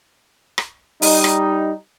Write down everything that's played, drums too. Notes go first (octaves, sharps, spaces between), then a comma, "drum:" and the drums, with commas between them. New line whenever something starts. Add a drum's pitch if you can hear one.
drum: rim click
G3 D#4, drum: open hi-hat
drum: rim click